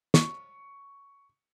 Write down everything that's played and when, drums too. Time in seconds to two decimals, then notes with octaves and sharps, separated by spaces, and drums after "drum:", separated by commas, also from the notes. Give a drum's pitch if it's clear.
0.14 C#6, drum: snare